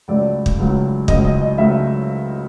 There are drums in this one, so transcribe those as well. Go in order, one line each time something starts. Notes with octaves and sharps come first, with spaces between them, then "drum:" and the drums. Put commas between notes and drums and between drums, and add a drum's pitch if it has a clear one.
C#2 C#3 F#3 A3 D5
drum: kick
C#2 C#3 F#3 A3
C#2 C#3 F#3 A3 D#5, drum: kick
D#5
D#5
C#2 C#3 F#3 A3 E5